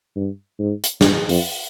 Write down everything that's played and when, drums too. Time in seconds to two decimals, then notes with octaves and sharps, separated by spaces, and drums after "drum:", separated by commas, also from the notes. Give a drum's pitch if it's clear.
0.16 G2
0.59 G#2
0.84 drum: hi-hat
1.01 G2, drum: snare
1.29 F2, drum: open hi-hat